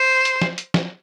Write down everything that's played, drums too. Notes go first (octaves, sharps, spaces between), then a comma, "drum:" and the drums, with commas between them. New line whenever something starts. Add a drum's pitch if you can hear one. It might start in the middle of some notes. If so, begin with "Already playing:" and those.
Already playing: C5
drum: hi-hat
drum: snare
drum: hi-hat
drum: snare